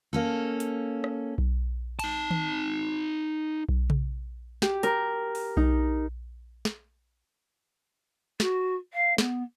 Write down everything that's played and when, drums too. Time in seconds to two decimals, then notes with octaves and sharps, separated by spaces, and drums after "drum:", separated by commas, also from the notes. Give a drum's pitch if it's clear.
0.13 A#3 C#4 A4
0.60 drum: hi-hat
1.04 drum: rim click
1.38 drum: kick B1
1.99 D#4 A5, drum: cymbal
2.31 drum: tom D#3
3.69 drum: kick B1
3.90 drum: tom C3
4.62 G4, drum: snare
4.83 A#4, drum: hi-hat
5.35 drum: open hi-hat
5.57 D#4, drum: kick B1
6.65 drum: snare
8.40 F#4, drum: snare
8.93 F5
9.18 B3, drum: snare